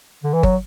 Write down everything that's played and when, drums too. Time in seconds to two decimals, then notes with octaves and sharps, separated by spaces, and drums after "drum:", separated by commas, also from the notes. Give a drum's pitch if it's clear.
0.23 D3
0.33 E3
0.43 F#3, drum: kick G1